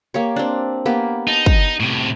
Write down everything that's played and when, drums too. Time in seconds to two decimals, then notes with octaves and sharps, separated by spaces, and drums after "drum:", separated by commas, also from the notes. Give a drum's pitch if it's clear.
0.14 A#3 G4 C#5
0.36 C4 D4
0.86 A#3 B3 G4
1.28 D#4 A5
1.46 drum: kick
1.80 A2 C3